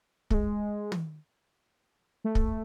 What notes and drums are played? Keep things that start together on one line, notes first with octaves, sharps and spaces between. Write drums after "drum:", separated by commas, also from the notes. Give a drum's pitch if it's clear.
A3, drum: kick
G#3
drum: tom
A3
drum: kick